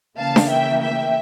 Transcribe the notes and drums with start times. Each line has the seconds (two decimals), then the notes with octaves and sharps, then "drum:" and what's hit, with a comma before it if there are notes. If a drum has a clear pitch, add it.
0.18 C#3 E3 A#3 F5 A5
0.36 drum: snare D4
0.50 E5 G5
0.81 E5 G5